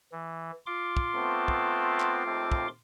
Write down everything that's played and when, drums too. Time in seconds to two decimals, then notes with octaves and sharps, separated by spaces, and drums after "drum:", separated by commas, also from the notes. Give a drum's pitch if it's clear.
0.12 E3
0.66 F4 C6 D6
0.97 drum: kick
1.15 A3 B3 C4
1.48 drum: kick
2.00 drum: clap
2.26 D#2 A3 C4
2.52 drum: kick